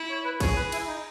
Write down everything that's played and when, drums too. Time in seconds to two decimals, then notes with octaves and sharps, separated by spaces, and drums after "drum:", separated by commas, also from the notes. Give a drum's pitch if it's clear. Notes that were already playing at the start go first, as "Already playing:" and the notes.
Already playing: E4
0.10 C#5
0.25 B4
0.40 G#4 C#5, drum: kick, cymbal
0.56 B4
0.72 E4, drum: cymbal
0.87 D#4